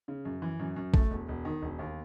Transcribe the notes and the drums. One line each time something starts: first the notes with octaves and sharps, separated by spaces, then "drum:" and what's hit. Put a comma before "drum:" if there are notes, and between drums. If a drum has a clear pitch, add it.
C#3
F#2
E3
F#2
F#2
A3, drum: kick A#1
E1
E1
D#3
E1
D#2